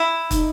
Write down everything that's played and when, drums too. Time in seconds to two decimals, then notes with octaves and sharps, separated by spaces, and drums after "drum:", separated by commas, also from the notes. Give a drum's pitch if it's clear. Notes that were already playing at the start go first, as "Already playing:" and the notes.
Already playing: E4
0.31 D#4, drum: kick, hi-hat